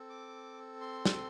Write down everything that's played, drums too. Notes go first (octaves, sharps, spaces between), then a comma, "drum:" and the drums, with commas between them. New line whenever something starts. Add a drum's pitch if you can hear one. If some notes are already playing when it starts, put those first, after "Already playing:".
Already playing: C4 A4
D6
C6
drum: snare